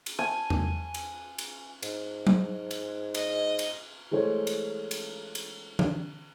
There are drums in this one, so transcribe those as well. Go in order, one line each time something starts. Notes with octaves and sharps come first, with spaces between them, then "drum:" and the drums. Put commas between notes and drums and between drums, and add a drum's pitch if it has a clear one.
drum: cymbal
G#5 A5
drum: tom E2
drum: cymbal
drum: cymbal
G#2, drum: cymbal
drum: tom F#3
drum: cymbal
D#5, drum: cymbal
drum: cymbal
E3 G#3 A3 C5 C#5
drum: cymbal
drum: cymbal
drum: cymbal
drum: tom E3